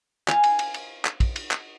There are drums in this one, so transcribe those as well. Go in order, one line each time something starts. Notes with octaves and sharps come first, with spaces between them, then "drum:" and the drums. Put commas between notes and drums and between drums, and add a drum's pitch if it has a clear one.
F5 G#5, drum: clap
drum: cymbal
drum: cymbal
drum: cymbal
drum: clap
drum: kick, cymbal
drum: cymbal
drum: clap